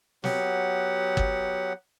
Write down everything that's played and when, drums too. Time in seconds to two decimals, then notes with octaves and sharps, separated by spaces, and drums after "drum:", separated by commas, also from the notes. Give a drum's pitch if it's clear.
0.24 F#3 B3 G4 F#5, drum: snare
1.17 drum: kick